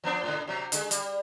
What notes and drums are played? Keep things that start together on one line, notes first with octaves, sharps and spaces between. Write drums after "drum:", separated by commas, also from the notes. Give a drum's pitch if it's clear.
F3 B3 D4
G#2 D3
C3 F#3
D3 G#3, drum: hi-hat
G3, drum: hi-hat